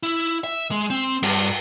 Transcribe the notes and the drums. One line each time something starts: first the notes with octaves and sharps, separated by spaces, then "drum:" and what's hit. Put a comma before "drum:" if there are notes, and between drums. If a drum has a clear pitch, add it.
E4
E5
G#3
C4
G2, drum: cymbal